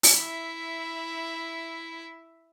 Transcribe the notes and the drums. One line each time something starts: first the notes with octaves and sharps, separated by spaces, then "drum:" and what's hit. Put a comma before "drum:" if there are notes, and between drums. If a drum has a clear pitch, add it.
drum: open hi-hat
E4 E5